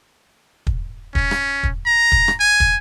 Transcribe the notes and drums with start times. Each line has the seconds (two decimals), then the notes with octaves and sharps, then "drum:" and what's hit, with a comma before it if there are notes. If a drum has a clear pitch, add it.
0.67 drum: kick
1.15 C#4, drum: kick
1.31 drum: rim click
1.63 drum: kick
1.86 A#5
2.12 drum: kick
2.28 drum: rim click
2.40 G#5
2.60 drum: kick